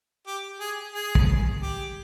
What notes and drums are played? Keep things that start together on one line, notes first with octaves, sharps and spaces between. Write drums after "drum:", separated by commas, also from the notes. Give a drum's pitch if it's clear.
G4
G#4
G#4
drum: kick
G4